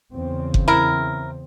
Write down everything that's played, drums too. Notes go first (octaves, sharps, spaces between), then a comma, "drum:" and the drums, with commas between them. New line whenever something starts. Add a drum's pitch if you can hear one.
E2 C#3 C4
drum: kick F#1
E4 A#4